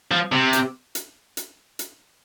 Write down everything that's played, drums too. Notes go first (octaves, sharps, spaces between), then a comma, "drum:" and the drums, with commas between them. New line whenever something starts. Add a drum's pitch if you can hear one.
F3
C3
drum: hi-hat
drum: hi-hat
drum: hi-hat
drum: hi-hat